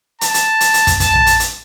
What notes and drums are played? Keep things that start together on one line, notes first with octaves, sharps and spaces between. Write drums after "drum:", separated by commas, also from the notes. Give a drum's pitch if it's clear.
A5, drum: hi-hat
drum: hi-hat
drum: hi-hat
drum: hi-hat
drum: kick, hi-hat
A5, drum: kick, hi-hat
drum: tom A#1
drum: hi-hat
drum: hi-hat